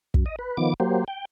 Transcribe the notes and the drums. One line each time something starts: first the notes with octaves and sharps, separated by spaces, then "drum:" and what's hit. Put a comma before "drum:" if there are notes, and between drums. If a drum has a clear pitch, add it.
F#2, drum: kick
D#5
B4
D#3 F3 B3 D6
F#3 A#3 G4 C5
G5